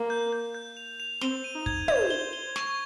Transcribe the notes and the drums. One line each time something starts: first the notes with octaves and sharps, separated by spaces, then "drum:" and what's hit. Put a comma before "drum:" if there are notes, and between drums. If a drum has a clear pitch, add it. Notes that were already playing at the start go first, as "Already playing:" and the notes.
Already playing: A#3
G6
G6
G6
F7
F7
C4 G7, drum: snare
D#7
D#4
G#6, drum: kick
C5 G#6, drum: tom
G7
G7
C#6, drum: snare